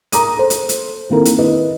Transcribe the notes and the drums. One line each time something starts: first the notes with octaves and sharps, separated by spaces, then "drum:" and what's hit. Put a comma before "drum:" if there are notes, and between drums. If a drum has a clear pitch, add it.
A#4 A#5 D#6 D#7, drum: hi-hat
A4 C5
drum: hi-hat
drum: hi-hat
D#3 A#3 C4 E4 A4 A#4
drum: hi-hat
E4 B4 D#5